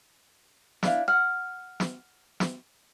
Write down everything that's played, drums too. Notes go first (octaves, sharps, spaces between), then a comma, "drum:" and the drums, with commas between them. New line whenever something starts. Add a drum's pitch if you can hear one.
D4 E4 F5, drum: snare
F#5 F6
drum: snare
drum: snare